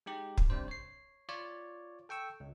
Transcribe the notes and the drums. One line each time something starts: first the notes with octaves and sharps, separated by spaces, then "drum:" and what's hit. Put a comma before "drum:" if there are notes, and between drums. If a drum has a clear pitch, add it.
G#3 D#4 G4
drum: kick
C3 G3 D4 C5
C#5 C7
F4 C#5 D5
A4 G5 C#6 E6
C#2